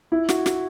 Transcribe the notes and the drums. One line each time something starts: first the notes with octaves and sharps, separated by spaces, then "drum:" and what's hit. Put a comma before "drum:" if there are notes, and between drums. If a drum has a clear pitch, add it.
E4
F#4, drum: snare
F#4, drum: snare